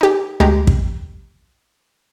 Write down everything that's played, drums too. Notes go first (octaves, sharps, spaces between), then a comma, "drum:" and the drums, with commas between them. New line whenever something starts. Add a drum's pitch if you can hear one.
D#4 G4
D2 G#3 G4 A#5
drum: kick